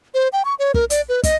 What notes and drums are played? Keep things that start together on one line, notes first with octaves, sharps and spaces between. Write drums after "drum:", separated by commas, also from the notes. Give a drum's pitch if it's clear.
C5
G5
C#6
C#5
A#4, drum: kick
D5, drum: hi-hat
B4
D#5, drum: kick, hi-hat